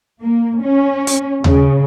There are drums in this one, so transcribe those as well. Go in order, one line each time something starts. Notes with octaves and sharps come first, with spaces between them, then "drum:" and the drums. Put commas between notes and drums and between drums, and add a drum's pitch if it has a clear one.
A#3
C#4
drum: hi-hat
C#3, drum: tom D#2